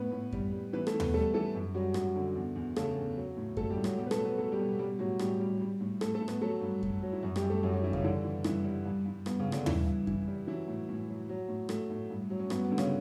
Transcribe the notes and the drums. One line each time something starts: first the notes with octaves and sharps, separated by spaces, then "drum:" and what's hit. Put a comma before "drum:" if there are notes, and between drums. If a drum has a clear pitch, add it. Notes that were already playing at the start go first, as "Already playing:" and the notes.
Already playing: A2 B3 B4
A2
G3, drum: kick F#2
G3
E3 B3 B4
A3 A4, drum: rim click
E3
B3 B4, drum: tom D#2
G3 A3 A4
E3 A3 A4
F#2
F#3 G3 F#4
F#2 F#3 F#4, drum: rim click
D3
E2
E2
C#3 A3 A4, drum: rim click
E2
F#3
A2
F#3 A3 A4, drum: kick F#2
G3 G4
A2
F#3 F#4, drum: rim click
B2 G3 G4
B4
A3 A4, drum: rim click
F#3
B3 B4
F#3 A3 A4
G3 G4
B2
G3 G4
A2 F#3 F#4
A2 G3 G4, drum: rim click
G3
G3
A2
A2 A3 A4, drum: rim click
A3 A4
A2
B3 B4, drum: rim click
F#3 A3 A4
G2
F#3, drum: kick F#2
F#3
E4
F#2 F#3 F#4
G3 G4, drum: rim click
F#2
A3 A4
F#2 F#3 F#4
F#3 F#4
E3 G3 E4
C#3 C#4, drum: kick F#2
D3 E3 D4
E3
G2 E3 E4, drum: rim click
G3
G2
G2
G2 B3, drum: rim click
C#3 C#4
G2
D3 D4, drum: rim click
G2 E3 E4, drum: tom D#2
G2
E3, drum: kick F#2
G3
E3 F#3 E4
A2
A2
F#3
F#3
A2
A2 A3, drum: rim click
A2
G2
F#3
C#4
G2 B3, drum: rim click
B3
D3
C#3 C#4, drum: rim click